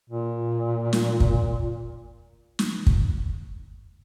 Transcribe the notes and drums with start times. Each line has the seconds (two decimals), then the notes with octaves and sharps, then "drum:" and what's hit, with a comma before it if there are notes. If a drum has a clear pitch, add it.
0.10 A#2
0.93 drum: snare
1.20 drum: kick
2.59 drum: snare
2.87 drum: kick